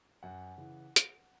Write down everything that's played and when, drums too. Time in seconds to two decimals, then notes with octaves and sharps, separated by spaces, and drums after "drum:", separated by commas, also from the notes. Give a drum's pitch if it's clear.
0.23 F#2 F#5
0.58 C#3 E3
0.96 drum: hi-hat